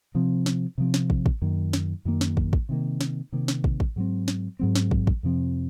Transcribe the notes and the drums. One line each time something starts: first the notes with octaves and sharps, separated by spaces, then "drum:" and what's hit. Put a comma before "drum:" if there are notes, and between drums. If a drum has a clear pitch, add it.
C3 F3 C4
drum: snare
C3 F3 C4
drum: snare
drum: kick
drum: kick
F#2 D#3 A#3
drum: snare
F#2 D#3 A#3
drum: snare
drum: kick
drum: kick
C3 D#3 A#3
drum: snare
C3 D#3 A#3
drum: snare
drum: kick
drum: kick
G#2 F#3 C4
drum: snare
G#2 F#3 C4
drum: snare
drum: kick
drum: kick
F2 C3 F3 C4